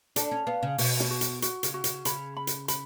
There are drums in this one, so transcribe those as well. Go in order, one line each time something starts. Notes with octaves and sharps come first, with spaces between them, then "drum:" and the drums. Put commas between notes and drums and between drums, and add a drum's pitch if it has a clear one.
D4 A4, drum: hi-hat
C#4
B3 F5
C#3
B2 F#4, drum: open hi-hat
drum: snare
F#4
drum: hi-hat
F#4, drum: hi-hat
C#3, drum: hi-hat
F#4
C#3, drum: hi-hat
C#3 B5, drum: hi-hat
B5
drum: hi-hat
B5, drum: hi-hat